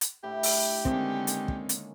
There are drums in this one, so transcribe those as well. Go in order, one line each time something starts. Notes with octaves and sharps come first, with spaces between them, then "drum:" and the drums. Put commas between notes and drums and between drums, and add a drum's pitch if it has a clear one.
drum: hi-hat
A2 D3 E4 G4
drum: open hi-hat
D3 D#3 G#3 A#3 C4 C#4, drum: kick
drum: hi-hat
drum: kick
drum: hi-hat